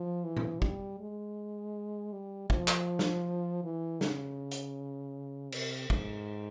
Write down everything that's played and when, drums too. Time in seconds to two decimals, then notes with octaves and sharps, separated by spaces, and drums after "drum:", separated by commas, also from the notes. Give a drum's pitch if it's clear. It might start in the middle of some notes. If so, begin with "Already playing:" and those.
Already playing: F3
0.24 E3
0.37 drum: tom A#2
0.62 G3, drum: kick
1.00 G#3
2.12 G3
2.50 F3, drum: kick
2.68 drum: clap
2.99 drum: snare
3.64 E3
4.01 C#3, drum: snare
4.51 drum: hi-hat
5.52 C3, drum: cymbal
5.90 G#2, drum: kick